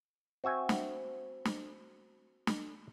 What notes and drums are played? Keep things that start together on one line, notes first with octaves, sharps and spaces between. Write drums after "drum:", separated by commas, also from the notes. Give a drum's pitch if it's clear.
C4 F#4 E5 G#5
drum: snare
drum: snare
drum: snare